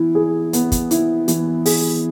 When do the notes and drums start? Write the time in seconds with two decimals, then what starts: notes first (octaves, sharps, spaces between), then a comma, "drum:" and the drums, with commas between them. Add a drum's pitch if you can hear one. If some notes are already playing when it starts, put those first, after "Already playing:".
Already playing: E3 B3 E4
0.15 G#4
0.53 B3, drum: hi-hat
0.72 drum: kick, hi-hat
0.91 E4, drum: hi-hat
1.28 E3, drum: hi-hat
1.66 G#4, drum: open hi-hat